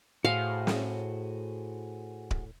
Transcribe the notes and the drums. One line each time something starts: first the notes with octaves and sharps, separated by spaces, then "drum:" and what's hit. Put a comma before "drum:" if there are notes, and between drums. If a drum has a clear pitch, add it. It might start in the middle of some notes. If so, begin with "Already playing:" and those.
A2 F#4 G#4 C5 F5
drum: snare
drum: kick D1